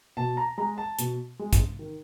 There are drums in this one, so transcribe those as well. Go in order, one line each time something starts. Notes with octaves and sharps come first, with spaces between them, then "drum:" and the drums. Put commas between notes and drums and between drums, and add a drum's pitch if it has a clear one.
B2 A5
A#5
G#3 A#5
A5
B2, drum: hi-hat
G#3
drum: kick, hi-hat
D#3